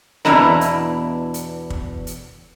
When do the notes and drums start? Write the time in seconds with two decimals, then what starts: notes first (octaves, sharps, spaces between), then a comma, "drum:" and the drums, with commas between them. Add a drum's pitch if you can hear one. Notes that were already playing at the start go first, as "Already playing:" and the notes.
0.25 E2 B2 D4 E4 D#5 A#5, drum: snare C4
0.61 drum: hi-hat
1.34 drum: hi-hat
1.70 drum: kick
2.07 drum: hi-hat